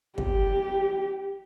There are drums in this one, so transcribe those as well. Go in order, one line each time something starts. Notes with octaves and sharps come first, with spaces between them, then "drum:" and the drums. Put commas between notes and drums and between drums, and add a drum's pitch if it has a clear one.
G4, drum: kick